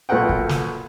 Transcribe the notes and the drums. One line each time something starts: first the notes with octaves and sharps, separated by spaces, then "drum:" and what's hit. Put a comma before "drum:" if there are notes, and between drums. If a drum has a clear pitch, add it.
B1 A#2 A4 A#4 F#5 G5
drum: kick
drum: snare